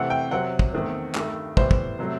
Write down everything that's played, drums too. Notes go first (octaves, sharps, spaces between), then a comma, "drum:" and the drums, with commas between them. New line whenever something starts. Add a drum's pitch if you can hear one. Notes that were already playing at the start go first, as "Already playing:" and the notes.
Already playing: C3 E3 A3 C4 F#5
G5
C3 F#3 C4 F#5
drum: kick
E2 D#3 A3 C4
G2 D#3 A3, drum: clap
A2 E3 G3 B3 C5, drum: kick
drum: kick
C3 F#3 A3